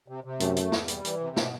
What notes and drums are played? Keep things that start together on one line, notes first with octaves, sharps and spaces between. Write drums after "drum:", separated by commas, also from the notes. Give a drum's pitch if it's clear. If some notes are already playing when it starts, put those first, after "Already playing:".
C3
C3
F#2 A3, drum: hi-hat
A3, drum: hi-hat
E2, drum: snare
G3, drum: hi-hat
E3, drum: hi-hat
C3
B2, drum: snare